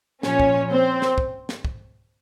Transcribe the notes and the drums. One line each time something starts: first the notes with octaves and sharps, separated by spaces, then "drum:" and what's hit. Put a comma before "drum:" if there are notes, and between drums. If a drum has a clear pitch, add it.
A#2 F3 C#4 C#5, drum: snare
drum: kick
C4 C5
drum: snare
drum: kick
drum: snare
drum: kick